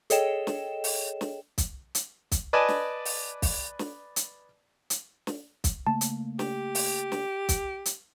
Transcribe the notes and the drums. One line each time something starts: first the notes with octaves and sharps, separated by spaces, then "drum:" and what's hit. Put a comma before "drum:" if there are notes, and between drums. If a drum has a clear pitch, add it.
G#4 A4 C#5 D#5 G5 E7, drum: hi-hat
drum: snare
drum: open hi-hat
drum: snare
drum: kick, hi-hat
drum: hi-hat
drum: kick, hi-hat
B4 D5 D#5 G#5 A5
drum: snare
drum: open hi-hat
drum: kick, open hi-hat
drum: snare
drum: hi-hat
drum: hi-hat
drum: snare
drum: kick, hi-hat
C#3 A3 A#3 A5
drum: hi-hat
G4, drum: snare
drum: open hi-hat
drum: snare
drum: kick, hi-hat
drum: hi-hat